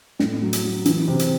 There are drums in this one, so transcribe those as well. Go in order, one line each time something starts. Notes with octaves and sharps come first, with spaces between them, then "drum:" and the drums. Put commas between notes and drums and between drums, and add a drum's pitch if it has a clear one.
A2, drum: snare
F#3
drum: hi-hat
F#3
E3, drum: hi-hat
C3
drum: hi-hat